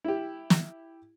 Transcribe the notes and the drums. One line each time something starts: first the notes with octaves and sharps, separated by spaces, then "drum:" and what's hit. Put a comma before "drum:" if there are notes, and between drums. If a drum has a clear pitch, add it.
E4 G4
drum: snare